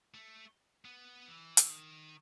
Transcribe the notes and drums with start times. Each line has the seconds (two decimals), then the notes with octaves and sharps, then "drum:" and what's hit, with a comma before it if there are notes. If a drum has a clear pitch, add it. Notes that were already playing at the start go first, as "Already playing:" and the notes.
0.14 A3
0.85 B3
1.28 E3
1.57 drum: hi-hat
1.70 D#3